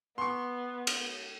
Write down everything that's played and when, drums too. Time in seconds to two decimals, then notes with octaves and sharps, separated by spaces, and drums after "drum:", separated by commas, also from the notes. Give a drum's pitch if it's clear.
0.18 B3 C6 C#6
0.87 drum: cymbal